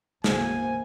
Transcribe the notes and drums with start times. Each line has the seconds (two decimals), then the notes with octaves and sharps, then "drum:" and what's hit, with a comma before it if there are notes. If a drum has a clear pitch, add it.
0.24 B1 F#2 D3 E3 G#3 A#3 C5 G#5, drum: snare